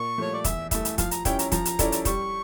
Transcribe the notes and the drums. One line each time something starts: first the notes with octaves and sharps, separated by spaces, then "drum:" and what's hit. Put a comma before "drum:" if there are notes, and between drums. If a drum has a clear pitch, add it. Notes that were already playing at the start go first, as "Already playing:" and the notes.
Already playing: A#2 C#6
F3 A3 C#5
D5
E2 E5, drum: kick, hi-hat
E3 A3 E5, drum: kick, hi-hat
drum: hi-hat
F3 F5, drum: kick, hi-hat
A#5, drum: hi-hat
C#4 E4 G4 G5, drum: kick, hi-hat
A#5, drum: hi-hat
F3 A#5, drum: kick, hi-hat
drum: hi-hat
C#4 E4 A4 D5, drum: kick, hi-hat
drum: hi-hat
G3 C#6, drum: kick, hi-hat